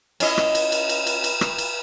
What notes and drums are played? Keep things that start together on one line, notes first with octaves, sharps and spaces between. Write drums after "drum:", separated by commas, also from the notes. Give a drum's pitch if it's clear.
C#4 E4 D#5, drum: cymbal
drum: rim click
drum: cymbal
drum: cymbal
drum: cymbal
drum: cymbal
drum: cymbal
drum: rim click
drum: cymbal